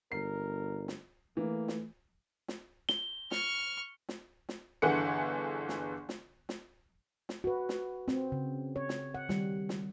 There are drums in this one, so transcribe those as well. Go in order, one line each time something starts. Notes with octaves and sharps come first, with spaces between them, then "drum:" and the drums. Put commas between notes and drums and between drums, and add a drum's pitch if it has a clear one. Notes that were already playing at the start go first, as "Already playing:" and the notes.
G1 A#4 C7
drum: snare
E3 A3 A#3
drum: snare
drum: snare
G7, drum: snare
C#6 F6, drum: snare
drum: snare
drum: snare
G1 D3 E3 G#4 F#5 C#7
drum: snare
drum: snare
drum: snare
drum: snare
F#4 B4
drum: snare
C4, drum: snare
C#3
C#5
drum: snare
F#5
D#3 G3, drum: snare
drum: snare